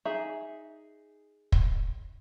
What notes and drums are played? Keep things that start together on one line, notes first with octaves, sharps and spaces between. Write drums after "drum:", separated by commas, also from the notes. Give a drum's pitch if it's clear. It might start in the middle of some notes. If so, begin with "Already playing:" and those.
D#4 G#4 E5
drum: kick